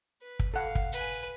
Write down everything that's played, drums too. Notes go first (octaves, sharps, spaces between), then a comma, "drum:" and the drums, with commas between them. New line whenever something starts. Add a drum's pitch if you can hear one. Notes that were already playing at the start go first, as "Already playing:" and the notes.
B4
drum: kick
A4 F5 F#5
drum: kick
B4 G#5